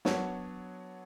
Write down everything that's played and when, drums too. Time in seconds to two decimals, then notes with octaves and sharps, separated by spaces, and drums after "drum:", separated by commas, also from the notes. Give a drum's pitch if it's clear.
0.05 F#3 B3 D4 F#4 C#5, drum: snare